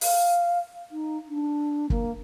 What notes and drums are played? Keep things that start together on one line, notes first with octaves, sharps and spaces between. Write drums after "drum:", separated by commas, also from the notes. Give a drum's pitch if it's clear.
F5, drum: open hi-hat
D#4
D4
A#3, drum: kick